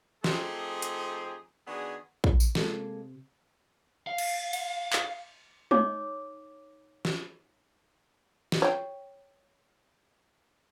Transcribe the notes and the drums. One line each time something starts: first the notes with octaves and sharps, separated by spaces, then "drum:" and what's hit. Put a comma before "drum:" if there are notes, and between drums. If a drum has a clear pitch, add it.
F3 A3 C4 D#4 G4 G#4, drum: snare
drum: hi-hat
D#3 B3 D4 F#4 G#4
drum: kick
drum: tambourine
C3 G#3 A#3 A4, drum: snare
F5
drum: cymbal
drum: cymbal
drum: clap
D#4 C#5 D6, drum: tom G#3
drum: snare
drum: snare
C#5 G5